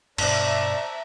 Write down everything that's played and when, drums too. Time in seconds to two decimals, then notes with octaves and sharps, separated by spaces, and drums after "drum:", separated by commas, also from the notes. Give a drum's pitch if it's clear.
0.18 G2 B2 C5 D5 E5 A5 A#5 E6, drum: cymbal